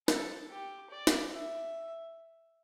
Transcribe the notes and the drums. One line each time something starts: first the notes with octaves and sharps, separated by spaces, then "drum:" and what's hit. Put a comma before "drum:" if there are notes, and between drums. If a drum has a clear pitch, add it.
A4, drum: snare
G4
D5
drum: snare
E5